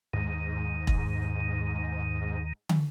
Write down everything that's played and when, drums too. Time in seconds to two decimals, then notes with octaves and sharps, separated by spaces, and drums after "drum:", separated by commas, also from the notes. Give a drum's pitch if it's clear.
0.13 D#2 G#2 D#3
0.87 drum: kick E1
2.69 drum: tom